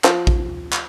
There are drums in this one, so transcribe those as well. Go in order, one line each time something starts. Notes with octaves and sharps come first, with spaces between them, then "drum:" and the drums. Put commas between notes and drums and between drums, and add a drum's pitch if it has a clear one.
F3, drum: clap
drum: kick A#1
drum: clap